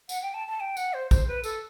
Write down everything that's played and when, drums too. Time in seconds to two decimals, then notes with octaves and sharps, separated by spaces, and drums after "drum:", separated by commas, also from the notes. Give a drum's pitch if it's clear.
0.09 F#5, drum: tambourine
0.22 G5
0.34 A5
0.48 A5
0.60 G5
0.77 F#5, drum: tambourine
0.94 C5
1.11 C5, drum: kick, tambourine
1.28 B4
1.44 A4, drum: tambourine